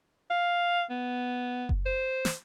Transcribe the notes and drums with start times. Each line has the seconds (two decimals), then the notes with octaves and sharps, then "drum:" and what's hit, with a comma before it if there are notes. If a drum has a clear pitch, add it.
0.30 F5
0.90 B3
1.69 drum: kick F#1
1.86 C5
2.25 drum: snare